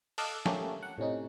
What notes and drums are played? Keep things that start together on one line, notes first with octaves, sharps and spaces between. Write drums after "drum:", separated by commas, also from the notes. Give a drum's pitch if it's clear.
A4 D#5 F5 D6 E6 F#6, drum: open hi-hat
A3 A#3 C#4 G4 A4, drum: snare
F#5
A2 C3 C#4 D#4